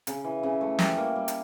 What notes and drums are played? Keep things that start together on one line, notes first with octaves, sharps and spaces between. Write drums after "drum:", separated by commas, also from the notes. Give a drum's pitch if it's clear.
C#3, drum: hi-hat
E3
C#3
A3
G3, drum: snare
A#3
G3
drum: hi-hat